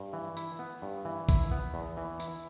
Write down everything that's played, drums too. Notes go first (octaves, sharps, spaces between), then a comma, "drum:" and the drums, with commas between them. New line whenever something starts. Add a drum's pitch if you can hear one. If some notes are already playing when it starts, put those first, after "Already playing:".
Already playing: G2
E3
E4, drum: tambourine
B3
G2
E3
E4, drum: kick B1, tambourine
B3
E2
E3
E4, drum: tambourine